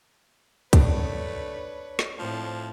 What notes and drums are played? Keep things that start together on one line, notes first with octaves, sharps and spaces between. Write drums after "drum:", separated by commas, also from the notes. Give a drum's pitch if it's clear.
A3 D4 B4 C#5, drum: kick, hi-hat
drum: snare
A2 F3 C4 A5